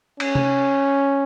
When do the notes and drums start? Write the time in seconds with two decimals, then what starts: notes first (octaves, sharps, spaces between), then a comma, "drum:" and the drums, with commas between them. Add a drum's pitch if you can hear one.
0.20 C#4, drum: cymbal
0.35 drum: tom C3